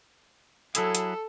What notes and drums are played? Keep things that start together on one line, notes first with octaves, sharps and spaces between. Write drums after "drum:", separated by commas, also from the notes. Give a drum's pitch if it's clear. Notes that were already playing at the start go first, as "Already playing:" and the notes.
F#3 E4 G#4 A4, drum: hi-hat
drum: hi-hat